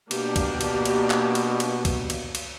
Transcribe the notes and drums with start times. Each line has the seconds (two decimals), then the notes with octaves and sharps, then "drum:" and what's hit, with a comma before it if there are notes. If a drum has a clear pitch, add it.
0.11 B2 A#3 D4 G4, drum: cymbal
0.36 drum: kick, cymbal
0.61 drum: cymbal
0.85 drum: cymbal
1.10 drum: clap
1.35 drum: cymbal
1.60 drum: cymbal
1.85 drum: kick, cymbal
2.10 drum: cymbal
2.35 drum: cymbal